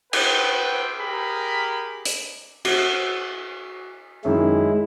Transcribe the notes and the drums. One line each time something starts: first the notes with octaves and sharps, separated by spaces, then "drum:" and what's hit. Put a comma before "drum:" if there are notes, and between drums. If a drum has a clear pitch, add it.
B4 C5 F#5 G5, drum: cymbal
G4 G#4 A#4 B5
drum: hi-hat
F#4, drum: cymbal
F#2 D#3 G#3 E4